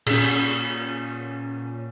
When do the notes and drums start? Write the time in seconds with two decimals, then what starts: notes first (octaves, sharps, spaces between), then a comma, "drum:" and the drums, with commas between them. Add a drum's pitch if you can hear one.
0.06 A#2 C#4, drum: cymbal